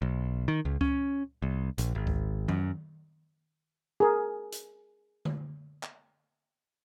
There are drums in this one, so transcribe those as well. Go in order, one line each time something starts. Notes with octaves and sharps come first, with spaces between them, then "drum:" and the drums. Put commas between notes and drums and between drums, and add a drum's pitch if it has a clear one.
B1
D#3
C#2
C#4, drum: kick C#2
C2
A#1, drum: hi-hat
G#1
drum: kick C#2
F#2, drum: tom D#3
G#4 A#4
drum: hi-hat
drum: tom D3
drum: clap